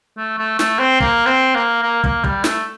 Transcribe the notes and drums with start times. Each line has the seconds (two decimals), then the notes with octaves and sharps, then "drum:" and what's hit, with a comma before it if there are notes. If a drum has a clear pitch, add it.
0.17 A3
0.38 A3
0.59 A3, drum: snare
0.79 C4
1.00 A#3, drum: kick
1.27 C4
1.55 A#3
1.83 A#3
2.04 A#3, drum: kick
2.24 G3, drum: kick
2.44 A3, drum: snare